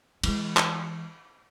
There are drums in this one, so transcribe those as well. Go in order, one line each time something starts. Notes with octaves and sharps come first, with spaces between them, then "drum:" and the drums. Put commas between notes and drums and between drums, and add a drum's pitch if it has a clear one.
E3 G#3, drum: cymbal
drum: clap